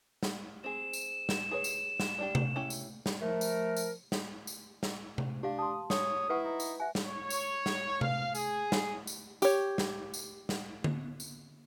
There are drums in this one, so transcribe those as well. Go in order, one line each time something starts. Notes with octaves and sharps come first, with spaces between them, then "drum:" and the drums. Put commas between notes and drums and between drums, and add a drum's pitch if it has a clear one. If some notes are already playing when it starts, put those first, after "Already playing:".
drum: snare
C4 G#4 E7
drum: tambourine
drum: snare
G#4 B4 C#5
drum: tambourine
drum: snare
G3 D4 G4
drum: tom C3
C#4 E4 G4
drum: tambourine
drum: snare
F3 A3 A#4
drum: tambourine
drum: tambourine
drum: snare
drum: tambourine
drum: snare
drum: tom C3
D4 G4 F5
A5 C6 D#6
C#5 D#6, drum: snare
E4 B4 F#5 C#6
D#4
drum: tambourine
E5 F#5 G#5
drum: snare
C#5
drum: tambourine
drum: snare
F5, drum: tom C3
G#4, drum: tambourine
drum: snare
drum: tambourine
G4 C#5, drum: tambourine
drum: snare
drum: tambourine
drum: snare
drum: tom D3
drum: tambourine